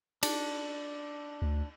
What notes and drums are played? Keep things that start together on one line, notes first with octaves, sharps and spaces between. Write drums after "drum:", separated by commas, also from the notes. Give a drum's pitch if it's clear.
D4, drum: cymbal
D2